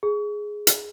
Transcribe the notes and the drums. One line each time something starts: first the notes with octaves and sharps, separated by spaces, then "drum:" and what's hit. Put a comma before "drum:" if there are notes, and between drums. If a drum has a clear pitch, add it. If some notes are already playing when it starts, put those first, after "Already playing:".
G#4
drum: hi-hat